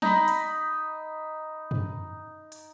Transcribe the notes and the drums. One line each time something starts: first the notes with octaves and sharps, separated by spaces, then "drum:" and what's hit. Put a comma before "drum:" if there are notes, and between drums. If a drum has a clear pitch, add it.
D#4 B5, drum: snare
drum: hi-hat
drum: tom F#2
drum: hi-hat